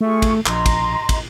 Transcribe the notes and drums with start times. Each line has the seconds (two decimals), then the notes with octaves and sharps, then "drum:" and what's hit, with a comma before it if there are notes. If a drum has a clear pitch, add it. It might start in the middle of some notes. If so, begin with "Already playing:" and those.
0.01 A3 F4 G#4 C#6
0.22 drum: kick, cymbal
0.46 A#1 D#5 A#5 C6, drum: clap
0.66 drum: kick, cymbal
1.09 drum: kick, cymbal